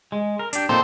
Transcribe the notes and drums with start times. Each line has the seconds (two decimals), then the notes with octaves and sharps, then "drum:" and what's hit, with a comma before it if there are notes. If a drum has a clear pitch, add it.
0.12 G#3
0.39 A#4
0.53 D4 G4, drum: hi-hat
0.69 A#2 F3 C4 D#4 A4 C5